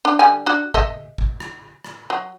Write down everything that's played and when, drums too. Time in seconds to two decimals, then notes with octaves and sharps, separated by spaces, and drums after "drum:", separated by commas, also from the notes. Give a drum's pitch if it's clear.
0.05 D4
0.19 D3 G3 G#5
0.46 D4 F#4
0.74 A4 D#5 E5, drum: kick
1.18 drum: kick
1.40 drum: rim click
1.84 drum: rim click
2.10 F#3